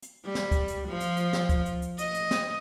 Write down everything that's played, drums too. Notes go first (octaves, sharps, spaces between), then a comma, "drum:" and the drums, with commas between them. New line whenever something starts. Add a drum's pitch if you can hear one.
drum: hi-hat
G3
drum: snare
drum: kick C#2, hi-hat
drum: hi-hat
F3
drum: hi-hat
drum: hi-hat
drum: snare
drum: kick C#2, hi-hat
drum: hi-hat
drum: hi-hat
D#5, drum: hi-hat
drum: hi-hat
drum: snare